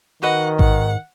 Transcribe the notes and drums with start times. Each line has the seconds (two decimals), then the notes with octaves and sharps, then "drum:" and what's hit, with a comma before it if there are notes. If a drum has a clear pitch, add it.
0.23 D#3 F#4 B4 D#5 F#5
0.59 G#2 F#5, drum: kick A1